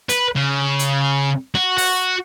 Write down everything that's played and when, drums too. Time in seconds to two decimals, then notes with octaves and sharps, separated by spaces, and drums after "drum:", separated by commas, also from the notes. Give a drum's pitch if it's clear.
0.09 B4, drum: hi-hat
0.36 C#3
0.79 drum: hi-hat
1.55 F#4
1.78 F#4, drum: open hi-hat